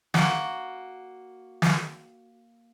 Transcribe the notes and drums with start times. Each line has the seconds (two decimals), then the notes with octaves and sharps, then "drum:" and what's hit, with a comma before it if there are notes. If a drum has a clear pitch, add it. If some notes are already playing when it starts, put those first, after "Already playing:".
0.14 A#3 F#4, drum: snare
1.62 drum: snare